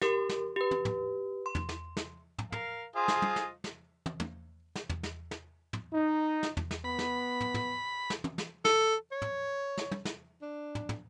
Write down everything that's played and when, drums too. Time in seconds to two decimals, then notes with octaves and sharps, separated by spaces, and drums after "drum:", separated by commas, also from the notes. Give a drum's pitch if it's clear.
0.02 G4 A#4 C6, drum: snare
0.29 drum: snare
0.56 G4 B4
0.71 drum: tom
0.85 drum: tom
1.46 C6
1.55 drum: tom
1.69 drum: snare
1.97 drum: snare
2.38 drum: tom
2.52 A#4 F5, drum: tom
2.96 F4 G#4 C5 D#5
3.08 drum: snare
3.22 drum: tom
3.36 drum: snare
3.64 drum: snare
4.06 drum: tom
4.20 drum: tom
4.76 drum: snare
4.89 drum: tom
5.03 drum: snare
5.31 drum: snare
5.73 drum: tom
5.93 D#4
6.43 drum: snare
6.57 drum: tom
6.71 drum: snare
6.84 B3 B5
6.99 drum: snare
7.40 drum: tom
7.54 drum: tom
8.10 drum: snare
8.24 drum: tom
8.38 drum: snare
8.65 A4, drum: snare
9.12 C#5
9.22 drum: tom
9.77 drum: snare
9.91 drum: tom
10.05 drum: snare
10.42 D4
10.75 drum: tom
10.89 drum: tom